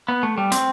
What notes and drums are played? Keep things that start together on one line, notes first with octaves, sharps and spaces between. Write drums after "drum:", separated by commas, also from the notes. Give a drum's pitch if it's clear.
B3
A3
G3
C4, drum: hi-hat